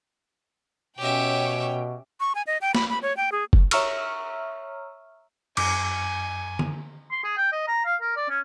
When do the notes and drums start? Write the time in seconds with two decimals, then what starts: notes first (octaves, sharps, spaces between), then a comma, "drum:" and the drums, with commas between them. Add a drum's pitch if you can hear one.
0.99 B2 C#4 G4 C#5 E5 G5
2.20 C#6
2.35 G#5
2.47 D#5
2.61 G5
2.75 B5, drum: snare
2.89 B5
3.02 C#5
3.17 G5
3.32 G#4
3.53 drum: kick F#1
3.71 C#5 E5 A#5 C#6 E6 F6, drum: cymbal
5.57 F#2 G#5 D6, drum: cymbal
6.59 drum: tom D3
7.12 C6
7.24 G#4
7.38 G5
7.52 D#5
7.68 A#5
7.86 F5
8.01 A#4
8.17 D5
8.30 C#4